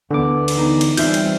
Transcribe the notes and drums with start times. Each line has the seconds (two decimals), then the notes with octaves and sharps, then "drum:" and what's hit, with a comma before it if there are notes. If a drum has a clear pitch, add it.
0.11 D2 D3 E3 B3 D6
0.48 drum: cymbal
0.57 D#4
0.81 drum: cymbal
0.97 E3 G3 C4 F4 E5 G6, drum: cymbal
1.14 drum: cymbal